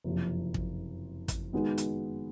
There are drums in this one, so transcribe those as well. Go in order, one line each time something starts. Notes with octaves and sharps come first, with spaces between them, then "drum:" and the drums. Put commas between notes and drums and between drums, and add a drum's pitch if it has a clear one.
F#1 F2 C3 F3
drum: kick
drum: kick, hi-hat
D#3 G#3 B3 D#4 F#4
drum: hi-hat